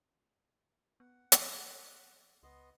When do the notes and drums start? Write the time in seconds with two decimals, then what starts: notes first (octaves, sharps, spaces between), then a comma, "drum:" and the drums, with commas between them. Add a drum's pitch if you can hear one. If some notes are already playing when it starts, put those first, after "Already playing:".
1.00 B3 F#5
1.32 F3, drum: hi-hat
2.43 C#2 B3 D#5 C6